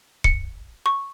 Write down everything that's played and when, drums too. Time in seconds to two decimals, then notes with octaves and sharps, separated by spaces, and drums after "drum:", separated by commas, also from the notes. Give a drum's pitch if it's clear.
0.24 C#7, drum: kick
0.86 C#6